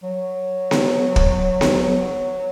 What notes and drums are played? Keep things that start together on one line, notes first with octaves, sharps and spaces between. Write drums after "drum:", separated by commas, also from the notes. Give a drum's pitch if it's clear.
F#3
drum: snare B3
drum: kick
drum: snare B3
F#3